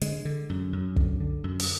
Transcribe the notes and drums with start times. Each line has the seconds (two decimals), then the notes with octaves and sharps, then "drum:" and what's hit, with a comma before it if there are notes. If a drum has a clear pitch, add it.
0.01 D3 G#3, drum: hi-hat
0.25 D3
0.49 F#2
0.73 F#2
0.96 D3, drum: kick
1.20 D3
1.44 F#2
1.60 drum: open hi-hat